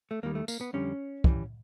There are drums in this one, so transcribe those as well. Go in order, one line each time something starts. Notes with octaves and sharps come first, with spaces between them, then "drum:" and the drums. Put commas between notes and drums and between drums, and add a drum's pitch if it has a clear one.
A3
D#2 D#3 G3 A#3
A3
A#3, drum: tambourine
B3
F2 D3 G3 C#4
G2 E3 G3, drum: kick